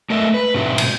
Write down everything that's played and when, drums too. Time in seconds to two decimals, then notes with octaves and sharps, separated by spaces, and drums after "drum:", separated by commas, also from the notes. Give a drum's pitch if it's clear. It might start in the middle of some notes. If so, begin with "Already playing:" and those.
0.10 A3 A#4 D#5 E5
0.34 B4
0.54 G#2 B2 C4 F#4 E5
0.78 drum: cymbal